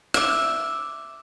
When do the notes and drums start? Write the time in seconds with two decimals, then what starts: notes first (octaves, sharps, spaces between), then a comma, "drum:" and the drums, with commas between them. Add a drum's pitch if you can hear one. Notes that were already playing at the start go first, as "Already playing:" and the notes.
0.14 E5 D6, drum: rim click